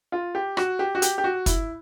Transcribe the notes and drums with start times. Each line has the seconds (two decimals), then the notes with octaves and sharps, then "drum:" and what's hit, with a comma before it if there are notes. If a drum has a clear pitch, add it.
0.12 F4
0.35 G4
0.57 F#4, drum: rim click
0.79 G4
0.95 F#4
1.02 G4, drum: hi-hat
1.18 G4
1.24 F#4
1.46 E4, drum: kick, hi-hat